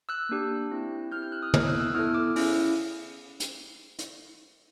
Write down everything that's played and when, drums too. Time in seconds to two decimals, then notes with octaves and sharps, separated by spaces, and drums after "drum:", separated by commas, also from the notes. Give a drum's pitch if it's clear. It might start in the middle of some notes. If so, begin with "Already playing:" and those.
0.09 E6 F#6
0.29 A#3 D4 G4
0.72 C4 E4 G4
1.12 C4 E4 G4 F6 G6
1.22 F6 G6
1.32 E6 F#6
1.42 D#6 F6
1.54 B3 E4 A4 D#6 F6, drum: tom
1.67 E6 F#6
1.80 E6 F#6
1.95 B3 E4 A4 D#6 F6
2.14 D6 E6
2.36 C#4 E4 G#4, drum: open hi-hat
3.40 drum: hi-hat
3.99 drum: hi-hat